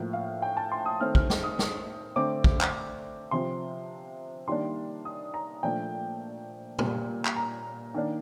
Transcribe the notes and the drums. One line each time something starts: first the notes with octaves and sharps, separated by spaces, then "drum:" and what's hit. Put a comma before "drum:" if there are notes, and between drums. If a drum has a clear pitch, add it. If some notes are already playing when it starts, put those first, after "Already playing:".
Already playing: A2 F3 A#3
F5
G5
A5
C6
D#6
D#3 A3 C4 F6
F6, drum: kick
drum: snare
D#6
drum: snare
D3 A3 C4 D6
drum: kick
drum: clap
C3 F3 C4 C6
D#3 G3 A#3 D4 C6
D#6
A#5
A#2 F3 A3 D4 G5
A#2 G3 A#3, drum: tom
drum: clap
A#5
D#3 A#3 D4